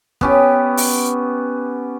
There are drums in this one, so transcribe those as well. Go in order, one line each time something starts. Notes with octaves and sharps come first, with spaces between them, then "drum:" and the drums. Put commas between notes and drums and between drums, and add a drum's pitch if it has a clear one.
B3 C#4 G4, drum: kick
drum: open hi-hat